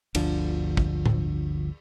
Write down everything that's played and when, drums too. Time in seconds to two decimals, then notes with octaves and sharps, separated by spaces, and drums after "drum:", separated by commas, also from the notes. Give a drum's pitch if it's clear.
0.15 G1 D2 D3 F3, drum: cymbal
0.77 drum: kick
1.06 drum: tom A2